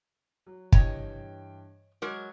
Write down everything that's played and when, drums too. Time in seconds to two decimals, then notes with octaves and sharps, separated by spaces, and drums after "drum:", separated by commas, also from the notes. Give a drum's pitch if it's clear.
0.46 F#3
0.72 G2 E3 C#5 D#5 G5, drum: kick
2.02 F#3 G#3 A#4 D6